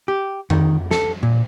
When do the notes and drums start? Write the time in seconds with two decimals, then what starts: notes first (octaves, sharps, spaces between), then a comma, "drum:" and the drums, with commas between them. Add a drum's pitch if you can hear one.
0.08 G4
0.50 D#3, drum: tom F2
0.91 A4, drum: snare
1.23 A#2